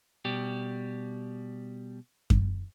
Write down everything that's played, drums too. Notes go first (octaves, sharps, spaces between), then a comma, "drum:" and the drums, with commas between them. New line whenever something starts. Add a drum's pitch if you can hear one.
B2 G3 G4
drum: kick F#2